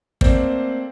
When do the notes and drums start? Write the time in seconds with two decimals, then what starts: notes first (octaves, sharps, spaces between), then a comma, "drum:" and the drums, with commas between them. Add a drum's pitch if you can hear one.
0.21 A3 A#3 C4 C5 D5, drum: kick